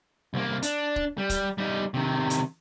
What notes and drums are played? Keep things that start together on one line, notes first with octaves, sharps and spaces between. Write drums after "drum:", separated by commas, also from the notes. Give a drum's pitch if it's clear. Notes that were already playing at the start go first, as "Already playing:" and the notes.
C2 A#3
D4, drum: hi-hat
drum: kick
G3
drum: kick, hi-hat
G3 D#4
C3 D#3
drum: hi-hat